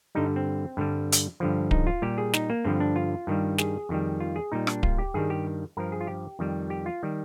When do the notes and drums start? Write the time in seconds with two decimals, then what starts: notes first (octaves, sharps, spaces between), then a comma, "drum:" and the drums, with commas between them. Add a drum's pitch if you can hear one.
0.15 G2 D3 G3 D#4
0.36 C4
0.77 G2 D3 G3
1.12 drum: hi-hat
1.40 G2 D3 F3
1.71 D#4, drum: kick D1
1.87 F4
2.02 A#2 G3 G4
2.18 G#4
2.33 D#4, drum: snare
2.50 A#3
2.65 G2 D3 F3 C4
2.80 D4
2.96 F4
3.27 G2 D#3 G3
3.58 G#4, drum: snare
3.89 F2 D#3 G3
4.20 F4
4.36 G#4
4.52 A#2 G3 D#4
4.67 D4, drum: rim click
4.83 F4, drum: kick D1
4.98 G4
5.14 G2 D#3 G3 G#4
5.30 G4
5.77 G2 F3 A#4
5.92 G#4
6.01 F4
6.07 G4
6.39 F2 D#3 G3
6.70 G4
6.86 F4
7.03 D#3 G3